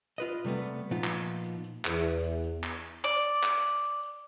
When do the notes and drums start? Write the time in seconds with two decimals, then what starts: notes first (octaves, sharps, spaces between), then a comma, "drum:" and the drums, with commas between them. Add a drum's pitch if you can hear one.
0.18 F4 B4 D#5
0.44 C3 G3 A3 B3, drum: tambourine
0.64 drum: tambourine
0.91 A#2 F3 B3 D#4 F4
1.04 drum: clap
1.24 drum: tambourine
1.44 drum: tambourine
1.64 drum: tambourine
1.85 E2, drum: clap
2.04 drum: tambourine
2.24 drum: tambourine
2.44 drum: tambourine
2.64 drum: clap
2.84 drum: tambourine
3.04 D5, drum: tambourine
3.24 drum: tambourine
3.44 drum: clap
3.63 drum: tambourine
3.83 drum: tambourine
4.03 drum: tambourine